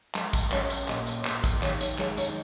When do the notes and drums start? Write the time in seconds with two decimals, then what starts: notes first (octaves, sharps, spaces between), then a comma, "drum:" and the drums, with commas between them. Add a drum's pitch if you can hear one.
0.15 G#3 D#5, drum: clap
0.33 drum: kick, tambourine
0.52 C#4 C#5, drum: clap
0.70 drum: tambourine
0.88 A#2 D#5, drum: clap
1.07 drum: tambourine
1.25 A#2, drum: clap
1.44 drum: kick, tambourine
1.62 D#3 C#5, drum: clap
1.81 C#5, drum: tambourine
1.99 G#3 C#5, drum: clap
2.17 C#5, drum: tambourine
2.28 D#4